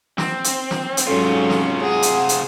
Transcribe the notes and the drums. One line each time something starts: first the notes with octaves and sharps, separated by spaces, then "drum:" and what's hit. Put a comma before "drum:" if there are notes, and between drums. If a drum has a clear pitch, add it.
C4, drum: snare
drum: hi-hat
drum: snare
drum: hi-hat
G#2 C3 F#3 C#4 F4 A4
drum: snare
G#4 F#5
drum: hi-hat
drum: hi-hat